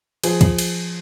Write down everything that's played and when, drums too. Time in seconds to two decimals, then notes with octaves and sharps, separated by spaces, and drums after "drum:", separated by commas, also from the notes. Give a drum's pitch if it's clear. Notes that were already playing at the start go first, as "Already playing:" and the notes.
0.23 F3 G#4, drum: cymbal
0.41 drum: kick, cymbal
0.59 drum: cymbal